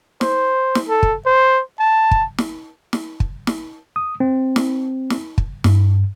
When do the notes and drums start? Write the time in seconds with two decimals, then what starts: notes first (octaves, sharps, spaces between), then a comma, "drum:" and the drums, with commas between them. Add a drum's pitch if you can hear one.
0.21 C5, drum: snare
0.75 drum: snare
0.89 A4
1.03 drum: kick
1.26 C5
1.80 A5
2.11 drum: kick
2.39 drum: snare
2.93 drum: snare
3.20 drum: kick
3.47 drum: snare
3.96 D#6
4.20 C4
4.56 drum: snare
5.10 drum: snare
5.38 drum: kick
5.64 G2, drum: snare